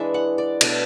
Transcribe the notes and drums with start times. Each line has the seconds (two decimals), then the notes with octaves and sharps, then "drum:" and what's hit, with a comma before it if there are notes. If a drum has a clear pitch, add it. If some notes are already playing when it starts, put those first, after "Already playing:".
Already playing: E3 G#3 D4 E5
0.14 F#5
0.38 D5
0.61 B2 F#3 A3 D4 B4, drum: cymbal